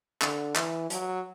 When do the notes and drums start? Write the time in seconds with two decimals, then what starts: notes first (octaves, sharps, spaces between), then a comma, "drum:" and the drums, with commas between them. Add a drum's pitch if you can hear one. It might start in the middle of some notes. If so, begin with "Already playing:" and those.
0.22 D3, drum: clap
0.56 E3, drum: clap
0.90 F#3, drum: hi-hat